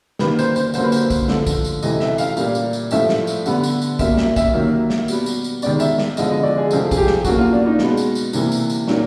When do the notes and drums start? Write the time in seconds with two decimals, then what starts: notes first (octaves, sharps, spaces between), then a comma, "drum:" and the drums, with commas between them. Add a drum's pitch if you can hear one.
0.19 D#3 G3 A#3 B4, drum: snare
0.39 C5, drum: tambourine
0.56 C5, drum: tambourine
0.74 D3 F#3 A#3 C5, drum: tambourine
0.84 B4
0.92 C5, drum: tambourine
1.10 drum: kick, tambourine
1.28 D3 F3 A3, drum: snare
1.47 drum: kick, tambourine
1.65 drum: tambourine
1.83 C3 E3 A3 D#5, drum: tambourine
2.00 E5, drum: snare
2.18 F5, drum: tambourine
2.37 A#2 G3 A#3, drum: tambourine
2.55 drum: tambourine
2.73 drum: tambourine
2.91 A2 F3 A3 E5, drum: tambourine
3.09 drum: snare
3.27 drum: tambourine
3.46 D3 G3 B3, drum: tambourine
3.63 drum: tambourine
3.82 drum: tambourine
3.99 B2 G3 A#3 E5, drum: kick, tambourine
4.18 E5, drum: snare
4.36 E5, drum: kick, tambourine
4.53 D#3 F#3 A#3
4.90 drum: snare
5.08 B2 G3 B3, drum: tambourine
5.26 drum: tambourine
5.44 drum: tambourine
5.62 D#3 G#3 B3 D5, drum: tambourine
5.80 E5, drum: tambourine
5.98 drum: snare
6.17 D3 F3 G#3 B3 D#5, drum: tambourine
6.31 D#5
6.43 D5
6.57 G#4
6.71 C3 F3 A3 G#4, drum: tambourine
6.91 G#4, drum: kick, tambourine
6.97 G4
7.07 drum: snare
7.25 B2 F#3 A#3 F#4, drum: kick, tambourine
7.38 F4
7.53 D4
7.66 D#4
7.79 B2 G#3 B3, drum: snare
7.97 drum: tambourine
8.15 drum: tambourine
8.33 C3 E3 G3 A#3, drum: tambourine
8.52 drum: tambourine
8.70 drum: tambourine
8.88 A#2 F#3 A#3 D#4, drum: snare